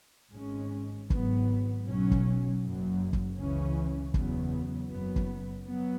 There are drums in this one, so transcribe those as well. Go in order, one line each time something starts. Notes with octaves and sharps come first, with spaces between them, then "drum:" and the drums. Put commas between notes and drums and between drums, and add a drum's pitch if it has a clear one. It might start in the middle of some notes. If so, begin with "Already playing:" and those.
G#1 G#2 G#3 C#4
G#1 G#2 F#3 B3, drum: kick
B1 B2 F#3 C#4
drum: kick
F#1 F#2 F#3
drum: kick
C#2 C#3 E3 C#4
E2 C#3 F#3 B3, drum: kick
F#1 F#2 F#3 B3
drum: kick
F#3 B3